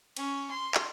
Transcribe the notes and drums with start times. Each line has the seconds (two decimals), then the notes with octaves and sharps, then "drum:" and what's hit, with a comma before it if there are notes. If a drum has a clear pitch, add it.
0.17 C#4, drum: cymbal
0.51 C6
0.75 drum: clap